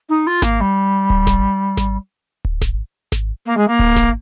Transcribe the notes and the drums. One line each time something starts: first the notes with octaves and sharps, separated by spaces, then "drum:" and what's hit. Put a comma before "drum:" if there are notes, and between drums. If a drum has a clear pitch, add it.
D#4
F4
A#3, drum: snare G#1
G3
drum: kick D1
drum: snare G#1
drum: snare G#1
drum: kick D1
drum: snare G#1
drum: snare G#1
A#3
G#3
A#3
drum: kick D1
drum: snare G#1